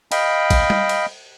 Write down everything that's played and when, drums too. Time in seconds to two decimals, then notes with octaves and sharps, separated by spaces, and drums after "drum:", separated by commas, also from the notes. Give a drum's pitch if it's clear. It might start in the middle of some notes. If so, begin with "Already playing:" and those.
0.12 D#5 F5 G5 B5, drum: cymbal
0.50 drum: kick, cymbal
0.70 drum: tom G3
0.89 drum: cymbal